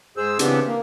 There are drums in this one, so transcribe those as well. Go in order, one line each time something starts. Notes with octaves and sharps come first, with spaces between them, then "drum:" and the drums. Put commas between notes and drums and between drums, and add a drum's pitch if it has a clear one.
G#2 G#4 C5 E6
C#3 E3 B3 C4 D4 G4, drum: hi-hat
A#3